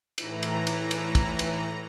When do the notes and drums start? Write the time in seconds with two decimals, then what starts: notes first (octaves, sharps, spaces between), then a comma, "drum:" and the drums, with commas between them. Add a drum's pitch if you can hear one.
0.18 A2 E3 A#5, drum: cymbal
0.43 drum: cymbal
0.67 drum: cymbal
0.91 drum: cymbal
1.15 drum: kick, cymbal
1.39 drum: cymbal